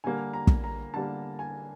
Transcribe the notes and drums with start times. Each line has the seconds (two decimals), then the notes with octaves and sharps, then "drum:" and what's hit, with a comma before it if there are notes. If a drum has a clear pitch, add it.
0.04 D3 G3 A#3 G#5
0.34 A#5
0.47 drum: kick
0.64 A#5
0.94 D3 G3 A#3 A5
1.39 G#5